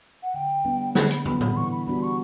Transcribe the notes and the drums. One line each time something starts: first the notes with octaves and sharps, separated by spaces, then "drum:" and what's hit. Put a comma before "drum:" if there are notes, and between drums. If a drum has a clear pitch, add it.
F#5
D3 G5
G3 B3 D4
D3 B5, drum: snare
B5, drum: hi-hat
G3 B3 D4 B5, drum: tom
B5, drum: tom A2
E3 C#6
B5
G3 B3 D4 F#4 B5
C#6